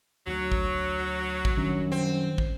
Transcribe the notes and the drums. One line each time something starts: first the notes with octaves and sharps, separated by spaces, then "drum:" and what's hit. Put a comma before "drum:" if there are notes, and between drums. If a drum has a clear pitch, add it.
D2 F#3
drum: kick
drum: kick
F#2 D#3 G3 D4
C4
drum: kick